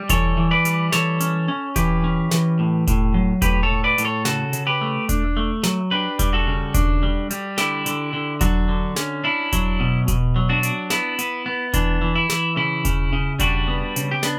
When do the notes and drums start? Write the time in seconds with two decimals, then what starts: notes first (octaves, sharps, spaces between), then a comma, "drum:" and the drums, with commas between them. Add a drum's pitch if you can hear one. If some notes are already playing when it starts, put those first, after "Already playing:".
Already playing: G3
0.09 E3 A4 C#5, drum: kick E1, hi-hat
0.37 E3
0.51 B4 D5
0.65 G3, drum: hi-hat
0.92 E3 A4 C#5, drum: snare
1.20 C#4, drum: hi-hat
1.48 C#4
1.76 E3 G4 B4, drum: kick E1, hi-hat
2.04 C#4
2.31 E3, drum: snare
2.59 A2
2.87 A2, drum: kick E1, hi-hat
3.14 F#3
3.42 A2 G4 B4, drum: kick E1, hi-hat
3.63 A4 C#5
3.69 A2
3.84 B4 D5
3.98 A2, drum: hi-hat
4.05 A4 C#5
4.25 C#3 F#4 A4, drum: snare
4.53 C#3, drum: hi-hat
4.67 G4 B4
4.81 A3
5.09 D4, drum: kick E1, hi-hat
5.37 A3
5.63 F#3, drum: snare
5.91 D4 G4 B4
6.19 G3, drum: kick E1, hi-hat
6.33 F#4 A4
6.47 C#3
6.74 D4, drum: kick E1, hi-hat
7.03 G3
7.31 G3, drum: hi-hat
7.58 D3 E4 G4, drum: snare
7.86 D3, drum: hi-hat
8.13 D3
8.41 F#3 D4 F#4, drum: kick E1, hi-hat
8.69 D3
8.96 C#4, drum: snare
9.24 D4 E4
9.52 F#3, drum: kick E1, hi-hat
9.80 B2
10.08 B2, drum: kick E1, hi-hat
10.36 F#3
10.49 D4 F#4
10.63 D4, drum: hi-hat
10.90 B3 E4, drum: snare
11.19 B3, drum: hi-hat
11.46 B3
11.73 E3 D4, drum: kick E1, hi-hat
12.02 E3
12.15 E4
12.30 E3, drum: snare
12.56 C#3 E4
12.85 C#3, drum: kick E1, hi-hat
13.13 C#3
13.39 G3 D4 F#4, drum: kick E1, hi-hat
13.68 B3
13.96 C#3, drum: hi-hat
14.11 G4
14.23 B3 D4, drum: snare